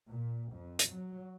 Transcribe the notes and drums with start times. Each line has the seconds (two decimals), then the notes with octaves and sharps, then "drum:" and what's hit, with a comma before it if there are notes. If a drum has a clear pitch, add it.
0.11 A#2
0.56 F2
0.79 drum: hi-hat
0.91 F#3